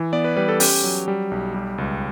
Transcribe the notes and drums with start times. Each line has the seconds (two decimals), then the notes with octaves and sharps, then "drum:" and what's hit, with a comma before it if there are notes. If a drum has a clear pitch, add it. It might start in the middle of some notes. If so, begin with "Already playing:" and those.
Already playing: E3
0.13 B3 D5
0.24 B4
0.37 G3 B4
0.49 A4
0.60 C#4 G4, drum: open hi-hat
0.84 F#3
1.08 G3
1.31 B1
1.54 G3
1.78 C#2